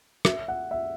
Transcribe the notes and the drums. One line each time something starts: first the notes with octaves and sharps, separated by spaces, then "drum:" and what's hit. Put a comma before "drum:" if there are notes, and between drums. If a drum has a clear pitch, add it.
E5, drum: rim click
F#5
E5